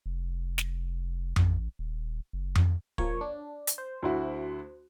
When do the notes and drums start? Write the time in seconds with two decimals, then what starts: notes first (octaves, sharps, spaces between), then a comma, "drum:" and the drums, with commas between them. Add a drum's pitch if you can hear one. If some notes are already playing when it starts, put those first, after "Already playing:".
0.06 F1
0.58 drum: snare
1.36 A1, drum: tom F2
1.79 D#1
2.33 F#1
2.55 drum: tom F2
2.98 F3 A#3 C#5, drum: kick
3.21 D4
3.67 drum: hi-hat
3.78 C5
4.02 D2 E4 F#4